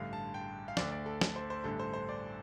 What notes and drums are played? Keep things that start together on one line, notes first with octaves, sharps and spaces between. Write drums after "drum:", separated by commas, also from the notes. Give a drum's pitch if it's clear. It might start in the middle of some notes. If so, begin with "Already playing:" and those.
Already playing: A1 G2 D3 F5
A5
G5
F5
D2 D3 D5, drum: snare
D5
A4
A4, drum: snare
C5
C5
A1 G2 D3 A4
C5
C5
D5